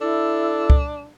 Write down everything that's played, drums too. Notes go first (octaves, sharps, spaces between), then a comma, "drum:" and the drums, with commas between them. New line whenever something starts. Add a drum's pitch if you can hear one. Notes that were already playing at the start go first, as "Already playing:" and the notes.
D4 E4 A4
drum: kick